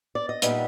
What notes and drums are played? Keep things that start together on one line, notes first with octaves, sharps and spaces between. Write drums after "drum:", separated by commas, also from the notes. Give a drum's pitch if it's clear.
D5
D#5
A#2 G3 B3 D#4 E5, drum: hi-hat